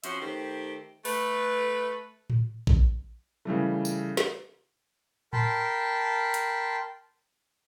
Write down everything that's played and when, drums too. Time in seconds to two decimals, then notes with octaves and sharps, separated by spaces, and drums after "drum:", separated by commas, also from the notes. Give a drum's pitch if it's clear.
0.04 F3 C#4 F#4 C5 E5, drum: hi-hat
0.22 D#3 A3 G4 C5
1.05 A3 B4, drum: open hi-hat
2.30 drum: tom A2
2.67 drum: kick A1
3.45 C#3 E3 G3 A3
3.85 drum: tambourine
4.17 drum: snare
5.33 A#4 G5 A5 B5 C6, drum: tom A2
6.34 drum: hi-hat